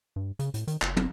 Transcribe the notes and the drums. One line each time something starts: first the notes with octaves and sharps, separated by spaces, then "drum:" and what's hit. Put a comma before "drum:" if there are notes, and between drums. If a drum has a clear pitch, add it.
G2
C#3, drum: hi-hat
A2, drum: hi-hat
D#3, drum: hi-hat
F#1, drum: clap
drum: tom